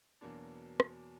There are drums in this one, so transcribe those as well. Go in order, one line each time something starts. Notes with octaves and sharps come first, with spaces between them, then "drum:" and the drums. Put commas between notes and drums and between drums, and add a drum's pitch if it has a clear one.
E2 B2 F#3 A#3 D4
drum: rim click